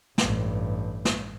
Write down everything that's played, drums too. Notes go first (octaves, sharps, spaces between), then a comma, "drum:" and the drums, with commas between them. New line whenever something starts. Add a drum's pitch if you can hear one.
A1 G2, drum: snare
drum: snare